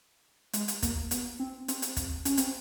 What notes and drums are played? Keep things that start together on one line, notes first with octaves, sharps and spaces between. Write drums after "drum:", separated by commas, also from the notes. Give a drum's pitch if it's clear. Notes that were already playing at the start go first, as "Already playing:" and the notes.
G#3, drum: hi-hat
drum: hi-hat
A#3, drum: kick, hi-hat
B3, drum: hi-hat
C4
C4, drum: hi-hat
drum: hi-hat
drum: kick, hi-hat
C#4, drum: hi-hat
C4, drum: hi-hat